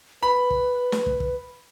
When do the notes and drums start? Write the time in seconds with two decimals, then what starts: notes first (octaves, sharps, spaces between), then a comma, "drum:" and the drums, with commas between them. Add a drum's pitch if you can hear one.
0.23 B4 B5
0.50 drum: kick
0.92 drum: snare
1.06 drum: kick
1.20 drum: kick